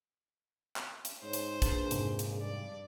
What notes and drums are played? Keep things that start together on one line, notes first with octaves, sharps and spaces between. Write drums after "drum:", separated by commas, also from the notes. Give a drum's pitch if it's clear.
drum: clap
drum: hi-hat
G#2 D#4 C5 C#5
drum: hi-hat
A#1 A#3 D4 G#4 B4, drum: kick, hi-hat
F2 G#2 C3, drum: hi-hat
drum: hi-hat
G2 D5